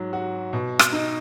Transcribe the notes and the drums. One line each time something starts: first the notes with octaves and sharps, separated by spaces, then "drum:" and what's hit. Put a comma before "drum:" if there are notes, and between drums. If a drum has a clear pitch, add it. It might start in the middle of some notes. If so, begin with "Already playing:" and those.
Already playing: G#2 F#3
F#4
B2
drum: rim click
D#4